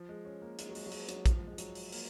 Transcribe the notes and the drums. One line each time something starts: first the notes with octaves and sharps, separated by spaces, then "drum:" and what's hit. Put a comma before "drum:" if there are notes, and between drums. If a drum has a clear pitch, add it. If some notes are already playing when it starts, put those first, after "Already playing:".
Already playing: F3
G#3
C#4
A#3
G#3, drum: hi-hat
F#3
G#3, drum: open hi-hat
F#3
G#3, drum: open hi-hat
F#3, drum: hi-hat
F3, drum: kick A#1, hi-hat
G#3
F#3, drum: hi-hat
drum: open hi-hat
A#3, drum: open hi-hat